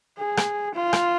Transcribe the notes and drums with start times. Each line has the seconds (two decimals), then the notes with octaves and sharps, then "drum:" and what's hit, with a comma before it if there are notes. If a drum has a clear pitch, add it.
0.18 G#4
0.37 drum: rim click
0.74 F4
0.93 drum: rim click